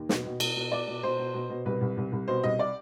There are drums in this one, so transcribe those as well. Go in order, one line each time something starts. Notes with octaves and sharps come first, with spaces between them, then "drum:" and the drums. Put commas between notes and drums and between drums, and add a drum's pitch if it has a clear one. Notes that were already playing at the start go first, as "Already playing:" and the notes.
Already playing: D#2
B2, drum: snare
B2
B2, drum: cymbal
B2
B2 D5
B2
B2 C5
B2
B2
B2
C2 B4
C2
C2
C2
B2 C5
C2 D#5
D5